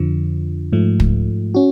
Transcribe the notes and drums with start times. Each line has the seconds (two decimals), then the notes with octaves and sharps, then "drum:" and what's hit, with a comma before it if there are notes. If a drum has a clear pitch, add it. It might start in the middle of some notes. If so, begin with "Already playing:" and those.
Already playing: F2 D3 F3
0.72 G#2 F3 A3
1.00 drum: kick
1.54 C#4 F#4